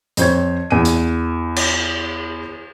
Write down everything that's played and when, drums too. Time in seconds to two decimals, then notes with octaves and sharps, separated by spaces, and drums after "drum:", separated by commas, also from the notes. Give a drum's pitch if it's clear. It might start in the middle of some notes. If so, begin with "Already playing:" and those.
0.17 F2 C5 C#5 G#6, drum: hi-hat
0.70 E2 D#7
0.85 drum: hi-hat
1.56 drum: cymbal